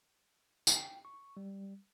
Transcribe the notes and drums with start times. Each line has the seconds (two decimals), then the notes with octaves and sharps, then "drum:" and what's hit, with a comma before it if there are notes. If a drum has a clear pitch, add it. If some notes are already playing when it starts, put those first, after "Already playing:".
0.67 G5, drum: tambourine
1.05 C#6
1.37 G3